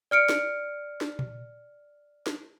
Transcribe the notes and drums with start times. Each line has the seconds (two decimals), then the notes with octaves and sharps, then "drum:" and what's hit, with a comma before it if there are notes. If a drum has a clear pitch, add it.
0.11 D5 F6 C#7 D7
0.29 drum: snare
1.01 drum: snare
1.19 drum: tom A#2
2.27 drum: snare